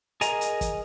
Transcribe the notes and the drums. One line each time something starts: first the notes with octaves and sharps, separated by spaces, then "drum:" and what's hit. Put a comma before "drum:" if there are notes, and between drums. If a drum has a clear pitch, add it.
G#4 A#4 D#5 G#5 A#5, drum: hi-hat
drum: hi-hat
drum: kick, hi-hat